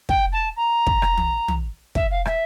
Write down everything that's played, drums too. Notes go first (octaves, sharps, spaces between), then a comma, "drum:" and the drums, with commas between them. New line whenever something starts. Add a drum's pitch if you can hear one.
G5, drum: kick
A5
A#5
drum: kick
drum: rim click
drum: tom
drum: tom
E5, drum: kick
F5
E5, drum: rim click